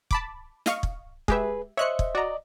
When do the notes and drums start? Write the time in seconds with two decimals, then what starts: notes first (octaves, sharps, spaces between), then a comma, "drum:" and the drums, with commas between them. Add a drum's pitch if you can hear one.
0.11 A5 B5 D6, drum: kick
0.66 D#5 F5 C#6, drum: snare
0.83 drum: kick
1.28 G#3 G4 G#4 B4 E5, drum: kick
1.77 C5 C#5 D#5 E5 F#6 C#7
1.99 drum: kick
2.15 F#4 D5 D#5 A#5